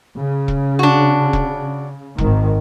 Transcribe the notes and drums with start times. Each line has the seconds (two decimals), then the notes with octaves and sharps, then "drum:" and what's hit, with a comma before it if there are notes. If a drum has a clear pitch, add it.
0.18 C#3
0.48 drum: kick E1
0.79 D4 F#4
1.33 drum: kick E1
2.18 G#1 G#2 D#3, drum: kick E1